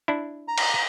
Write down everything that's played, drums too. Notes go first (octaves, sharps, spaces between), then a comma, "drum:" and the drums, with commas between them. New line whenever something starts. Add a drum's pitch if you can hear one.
D4 E4
A#5
drum: cymbal